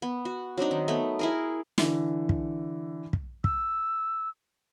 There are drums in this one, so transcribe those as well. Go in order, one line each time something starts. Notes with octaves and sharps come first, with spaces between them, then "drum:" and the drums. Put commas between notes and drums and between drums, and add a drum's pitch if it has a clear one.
B3
F#4
F#3 C4 D4 D#4
D#3
A3 B3
E4 G#4 A#4
D3 E3, drum: snare
drum: kick
drum: kick
E6, drum: kick